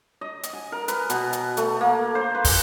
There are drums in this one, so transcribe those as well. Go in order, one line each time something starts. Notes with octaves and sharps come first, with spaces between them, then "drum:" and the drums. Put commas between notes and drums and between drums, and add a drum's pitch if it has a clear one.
D#5
drum: hi-hat
G#5
A#4
B4, drum: hi-hat
B2, drum: hi-hat
drum: hi-hat
A3, drum: hi-hat
A#3
C5
B4
drum: kick, open hi-hat